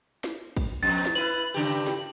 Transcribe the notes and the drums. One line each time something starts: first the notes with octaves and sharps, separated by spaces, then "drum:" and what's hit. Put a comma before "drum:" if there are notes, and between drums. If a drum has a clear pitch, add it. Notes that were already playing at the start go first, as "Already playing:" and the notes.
drum: snare
drum: kick, cymbal
F2 B2 A6
drum: snare
E4 B4 F#7
G2 C#3 G4, drum: cymbal
drum: snare